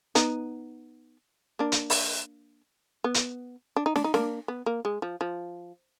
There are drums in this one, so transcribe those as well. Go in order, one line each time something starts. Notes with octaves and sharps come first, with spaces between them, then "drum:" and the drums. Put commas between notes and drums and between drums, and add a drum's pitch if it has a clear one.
B3 D#4, drum: hi-hat
A#3 D4
drum: hi-hat
drum: open hi-hat
B3
drum: hi-hat
D4
D#4
D4, drum: snare
D#4
A#3 D4, drum: snare
B3
A#3
G#3
F3
F3